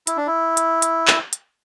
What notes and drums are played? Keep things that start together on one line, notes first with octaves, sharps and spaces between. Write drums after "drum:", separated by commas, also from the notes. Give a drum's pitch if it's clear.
E4, drum: hi-hat
D4
E4
drum: hi-hat
drum: hi-hat
drum: clap
drum: hi-hat